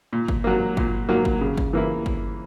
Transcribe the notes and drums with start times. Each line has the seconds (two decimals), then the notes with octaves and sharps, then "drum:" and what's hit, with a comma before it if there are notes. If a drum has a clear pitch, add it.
0.13 A#2
0.28 drum: kick
0.44 F#3 A#3
0.77 A#2, drum: kick
1.09 F#3 A#3
1.25 drum: kick
1.41 C#3
1.57 drum: kick
1.73 E3 A#3 E4
2.06 drum: kick